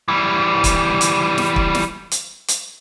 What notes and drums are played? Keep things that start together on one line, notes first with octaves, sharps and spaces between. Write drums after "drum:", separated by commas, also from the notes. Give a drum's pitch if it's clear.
E3 G3
drum: kick, hi-hat
drum: hi-hat
drum: snare
drum: kick
drum: snare
drum: hi-hat
drum: hi-hat